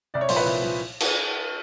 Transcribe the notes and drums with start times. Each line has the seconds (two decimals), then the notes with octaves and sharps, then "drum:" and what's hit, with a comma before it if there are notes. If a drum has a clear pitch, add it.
0.14 C2 D5
0.21 C#5
0.29 A#2 F3 C5, drum: open hi-hat
0.36 B4 C#5
0.45 C2
0.62 A#2 F3
1.00 drum: cymbal